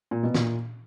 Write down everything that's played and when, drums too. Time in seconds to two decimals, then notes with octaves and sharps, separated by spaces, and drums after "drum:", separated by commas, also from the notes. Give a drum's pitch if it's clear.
0.11 A#2
0.23 B2
0.34 A#2, drum: snare